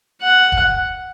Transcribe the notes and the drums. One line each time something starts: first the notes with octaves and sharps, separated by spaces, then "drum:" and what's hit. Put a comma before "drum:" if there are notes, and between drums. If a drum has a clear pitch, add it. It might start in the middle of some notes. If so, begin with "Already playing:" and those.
F#5
drum: kick E1